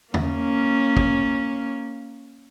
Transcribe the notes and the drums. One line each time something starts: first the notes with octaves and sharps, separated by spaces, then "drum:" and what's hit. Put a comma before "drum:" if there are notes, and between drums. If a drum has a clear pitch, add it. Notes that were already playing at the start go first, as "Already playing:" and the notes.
A#3 C#4, drum: tom
drum: kick